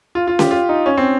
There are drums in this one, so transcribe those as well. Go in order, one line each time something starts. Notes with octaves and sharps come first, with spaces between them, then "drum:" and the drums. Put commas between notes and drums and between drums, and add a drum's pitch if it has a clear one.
F4
F4
G4, drum: snare C#4
F4
D#4
C#4
C4